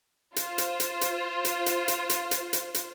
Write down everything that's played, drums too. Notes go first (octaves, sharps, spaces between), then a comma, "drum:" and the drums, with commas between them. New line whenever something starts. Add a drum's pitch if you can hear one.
F4 C5, drum: hi-hat
drum: hi-hat
drum: hi-hat
drum: hi-hat
drum: hi-hat
drum: hi-hat
drum: hi-hat
drum: hi-hat
drum: hi-hat
drum: hi-hat
drum: hi-hat